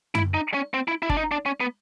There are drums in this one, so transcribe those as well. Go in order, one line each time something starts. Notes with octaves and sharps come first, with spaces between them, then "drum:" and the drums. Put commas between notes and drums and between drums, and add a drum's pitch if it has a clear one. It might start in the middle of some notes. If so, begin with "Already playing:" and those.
E4, drum: tom F#2
D#4
C#4
C4
E4
E4
D4, drum: kick G1
D#4
D4
C#4
B3